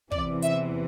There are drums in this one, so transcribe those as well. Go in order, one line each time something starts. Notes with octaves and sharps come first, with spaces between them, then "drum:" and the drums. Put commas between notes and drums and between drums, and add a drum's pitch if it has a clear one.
E2 C3 E3 D5, drum: kick
E5, drum: hi-hat